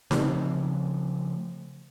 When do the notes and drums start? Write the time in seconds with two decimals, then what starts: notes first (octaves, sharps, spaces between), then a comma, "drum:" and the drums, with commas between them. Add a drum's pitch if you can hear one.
0.11 C#3 F3 A3 C4, drum: snare D#4